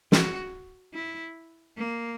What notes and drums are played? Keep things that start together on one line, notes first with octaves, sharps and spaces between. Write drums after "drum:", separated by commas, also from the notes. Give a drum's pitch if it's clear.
F#4, drum: snare
E4
A#3